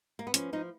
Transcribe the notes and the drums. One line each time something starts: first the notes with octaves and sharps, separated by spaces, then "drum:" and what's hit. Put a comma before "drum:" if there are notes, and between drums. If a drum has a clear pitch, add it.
A#3
B3
F3 C#4, drum: hi-hat
F3 D#4